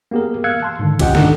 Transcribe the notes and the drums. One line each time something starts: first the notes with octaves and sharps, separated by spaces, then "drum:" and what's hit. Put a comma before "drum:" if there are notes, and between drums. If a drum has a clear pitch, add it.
A#3 B3 G4 G#4 A#4
F5 E6 F#6 G#6 C#7
A5 C6
G#2 D3 D#3
C#4 F4 G4 D#5 F#5 G5, drum: kick A#1, cymbal
G#2 D#3 D4 D#4 A4 F#5, drum: snare